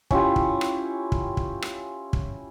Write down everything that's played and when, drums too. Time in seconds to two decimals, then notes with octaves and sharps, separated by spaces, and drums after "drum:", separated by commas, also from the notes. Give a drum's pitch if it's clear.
0.11 C#4 E4 F4 G4, drum: kick
0.36 drum: kick
0.61 drum: rim click
1.12 drum: kick
1.37 drum: kick
1.62 drum: rim click
2.13 drum: kick